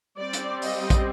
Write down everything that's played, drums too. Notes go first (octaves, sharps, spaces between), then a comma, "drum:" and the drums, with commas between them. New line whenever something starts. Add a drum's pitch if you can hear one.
G3 C4 D5
drum: hi-hat
D#5, drum: open hi-hat
drum: kick, hi-hat